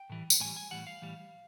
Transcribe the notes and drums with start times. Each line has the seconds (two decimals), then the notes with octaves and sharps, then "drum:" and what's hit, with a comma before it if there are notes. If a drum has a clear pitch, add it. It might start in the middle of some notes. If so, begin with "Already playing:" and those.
Already playing: G5
0.10 A2 E3 G3
0.30 drum: tambourine
0.40 A2 E3 G3 G#5
0.56 G#5
0.71 A2 E3 G3 F#5
0.87 F5
1.02 A2 E3 G3